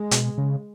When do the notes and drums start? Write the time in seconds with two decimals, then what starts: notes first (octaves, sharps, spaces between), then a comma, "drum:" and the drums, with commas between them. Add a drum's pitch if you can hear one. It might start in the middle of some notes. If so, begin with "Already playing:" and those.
Already playing: G#3
0.11 B2, drum: hi-hat
0.38 C#3